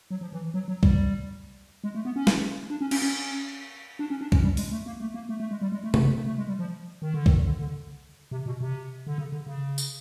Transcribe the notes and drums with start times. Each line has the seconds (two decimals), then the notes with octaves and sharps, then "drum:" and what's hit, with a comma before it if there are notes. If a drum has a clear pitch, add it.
0.11 F#3
0.21 F3
0.33 E3
0.54 F#3
0.68 F#3
0.83 G3, drum: kick
1.84 G#3
1.95 A3
2.05 B3
2.16 C#4
2.27 drum: snare
2.70 D4
2.81 C#4
2.91 C#4, drum: cymbal
3.02 C#4
3.99 D4
4.10 C#4
4.21 D4
4.32 C#4, drum: kick
4.43 G3
4.57 G#3, drum: open hi-hat
4.71 A3
4.86 A#3
5.00 A3
5.14 A#3
5.29 A3
5.40 A3
5.51 G#3
5.61 G3
5.72 G#3
5.84 A3
5.94 A3, drum: tom C3
6.05 A3
6.16 A3
6.26 A3
6.38 G#3
6.48 G3
6.59 F3
7.02 D#3
7.14 D3
7.26 D#3, drum: kick
7.45 D3
7.60 D3
8.31 C3
8.46 B2
8.61 C3
9.07 D3
9.18 C#3
9.32 D3
9.47 C#3
9.78 drum: tambourine